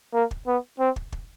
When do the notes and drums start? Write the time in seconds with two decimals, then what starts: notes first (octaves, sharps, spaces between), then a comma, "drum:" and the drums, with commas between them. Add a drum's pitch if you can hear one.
0.14 A#3
0.31 drum: kick
0.48 B3
0.80 C4
0.96 drum: kick
1.12 drum: kick